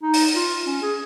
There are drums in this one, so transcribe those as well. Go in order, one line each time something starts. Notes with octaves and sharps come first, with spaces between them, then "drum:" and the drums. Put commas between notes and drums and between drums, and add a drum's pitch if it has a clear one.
D#4
drum: open hi-hat
F4
C#4
G#4